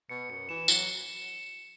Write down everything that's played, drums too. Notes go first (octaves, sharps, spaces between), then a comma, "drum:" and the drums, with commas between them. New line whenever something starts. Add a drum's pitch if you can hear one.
B2 C#7
F#2 C#7
E3 E7
F#3 C#7, drum: tambourine